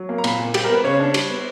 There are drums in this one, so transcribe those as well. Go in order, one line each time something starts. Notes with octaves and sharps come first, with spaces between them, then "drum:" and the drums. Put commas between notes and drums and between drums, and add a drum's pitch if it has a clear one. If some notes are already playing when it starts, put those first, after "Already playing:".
Already playing: F#3
A#3
A#5
A#2 B5, drum: cymbal
A#2
G3 G4, drum: cymbal
B3 A#4
B4
C#3 C#5
D4
G3, drum: cymbal
B3